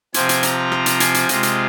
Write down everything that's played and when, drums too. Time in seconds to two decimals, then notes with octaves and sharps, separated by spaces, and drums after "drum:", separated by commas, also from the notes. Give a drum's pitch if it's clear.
0.14 C3 F3 C4 F4 G#5, drum: hi-hat
0.29 drum: hi-hat
0.43 A#5, drum: hi-hat
0.72 drum: rim click
0.86 drum: hi-hat
1.00 G#5, drum: hi-hat
1.14 drum: hi-hat
1.29 C3 G#3 F4 D#5, drum: hi-hat
1.43 drum: hi-hat